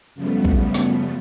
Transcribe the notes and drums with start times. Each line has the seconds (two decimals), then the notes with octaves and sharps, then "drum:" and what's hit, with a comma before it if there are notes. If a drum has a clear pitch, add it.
0.15 F#2 C#3 F3 G3 A3 B3
0.45 drum: kick A#1
0.74 drum: snare